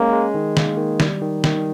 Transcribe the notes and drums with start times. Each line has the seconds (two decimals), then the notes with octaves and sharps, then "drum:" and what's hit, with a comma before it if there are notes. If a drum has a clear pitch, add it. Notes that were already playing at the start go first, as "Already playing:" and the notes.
Already playing: G#3 A#3 C#4
0.12 G#3
0.34 D#3
0.57 A#3, drum: snare
0.77 D#3
1.00 G3, drum: snare
1.21 D#3
1.44 D#3, drum: snare